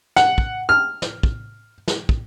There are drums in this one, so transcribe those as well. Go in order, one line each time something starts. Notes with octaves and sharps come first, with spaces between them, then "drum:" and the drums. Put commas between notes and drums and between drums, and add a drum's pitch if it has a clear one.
F#5, drum: snare
drum: kick
F6
drum: snare
drum: kick
drum: snare
drum: kick